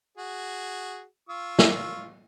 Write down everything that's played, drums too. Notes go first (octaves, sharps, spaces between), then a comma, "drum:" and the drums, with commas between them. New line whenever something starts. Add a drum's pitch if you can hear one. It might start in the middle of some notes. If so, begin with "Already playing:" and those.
F#4 G#4
F4 C#6 E6
drum: snare